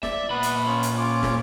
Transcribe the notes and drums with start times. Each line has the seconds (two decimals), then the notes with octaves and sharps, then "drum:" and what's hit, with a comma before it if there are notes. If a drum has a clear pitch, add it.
0.03 D5 E5, drum: snare
0.30 A#2 B3 B4 B5
0.43 drum: hi-hat
0.66 C#4 F4
0.83 drum: hi-hat
0.98 C#4 F4 D6
1.23 drum: snare